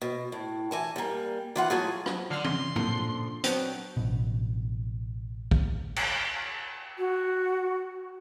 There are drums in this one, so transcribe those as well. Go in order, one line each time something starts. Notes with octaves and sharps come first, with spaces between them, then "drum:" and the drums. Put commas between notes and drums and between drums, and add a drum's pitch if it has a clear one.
B2
A2
E3 G#5 A5
G3 A#3
E3 F4 F#5
F#3 A3 F4 F#4 G#4
F3 F#3, drum: rim click
D3 C6 F6
C#3 C6, drum: tom
A#2 D3 F3, drum: tom A2
F#3 B3 C4 D4 G5, drum: hi-hat
A1 B2
drum: kick
drum: cymbal
F#4